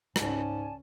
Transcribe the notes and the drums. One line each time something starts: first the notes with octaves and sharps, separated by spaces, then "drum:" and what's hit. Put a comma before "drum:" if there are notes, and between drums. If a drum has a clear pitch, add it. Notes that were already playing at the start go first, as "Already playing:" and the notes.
C#2 G#2 C#4 D5 G#5 A5, drum: rim click